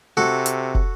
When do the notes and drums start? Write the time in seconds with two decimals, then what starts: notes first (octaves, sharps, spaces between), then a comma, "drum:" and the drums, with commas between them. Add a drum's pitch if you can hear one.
0.17 C3 F#4 A4
0.46 drum: hi-hat
0.75 drum: kick